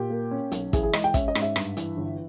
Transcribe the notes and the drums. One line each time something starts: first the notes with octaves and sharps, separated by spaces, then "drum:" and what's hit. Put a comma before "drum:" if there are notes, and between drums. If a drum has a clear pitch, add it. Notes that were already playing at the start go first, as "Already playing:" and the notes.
Already playing: A#2 G4
A#3
C#4
B1, drum: hi-hat
E3 G#4, drum: kick, hi-hat
G#4
G#3 D#5, drum: rim click
G5
C#4 E5, drum: kick, hi-hat
D#5
G#2, drum: rim click
E5
G2, drum: rim click
E3, drum: hi-hat
G1